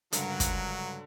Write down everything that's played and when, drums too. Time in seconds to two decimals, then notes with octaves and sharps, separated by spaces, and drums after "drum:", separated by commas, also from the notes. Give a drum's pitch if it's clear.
0.12 C#2 G2 D3 F#3 A#4 F#5, drum: hi-hat
0.40 drum: kick, hi-hat